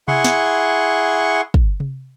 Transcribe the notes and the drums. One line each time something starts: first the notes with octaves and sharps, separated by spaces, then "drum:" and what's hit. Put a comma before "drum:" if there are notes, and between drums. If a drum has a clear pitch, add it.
E4 G#4 F#5 C6 C#6, drum: tom C3
drum: snare
drum: kick
drum: tom C3